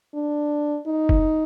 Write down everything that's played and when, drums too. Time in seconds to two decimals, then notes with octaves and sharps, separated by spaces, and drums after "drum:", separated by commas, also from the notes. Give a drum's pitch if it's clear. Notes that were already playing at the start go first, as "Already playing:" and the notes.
0.14 D4
0.87 D#4
1.09 drum: kick F#1